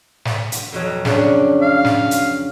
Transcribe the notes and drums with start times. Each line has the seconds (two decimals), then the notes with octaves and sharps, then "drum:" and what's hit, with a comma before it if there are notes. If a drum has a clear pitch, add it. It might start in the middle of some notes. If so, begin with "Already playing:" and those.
0.25 drum: snare
0.52 drum: hi-hat
0.72 F2 B2 F#3
1.05 C#3 D4, drum: snare
1.62 F5
1.84 drum: snare
2.11 drum: hi-hat